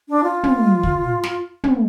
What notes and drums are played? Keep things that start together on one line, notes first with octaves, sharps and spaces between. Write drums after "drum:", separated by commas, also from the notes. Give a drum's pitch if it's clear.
D4
F4
drum: tom
drum: kick
drum: snare
drum: tom